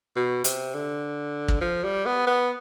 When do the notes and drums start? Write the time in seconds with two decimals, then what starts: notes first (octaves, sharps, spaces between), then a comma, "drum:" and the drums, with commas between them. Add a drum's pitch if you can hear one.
0.16 B2
0.44 C3, drum: hi-hat
0.74 D3
1.48 drum: kick
1.61 F3
1.84 G3
2.06 B3
2.27 B3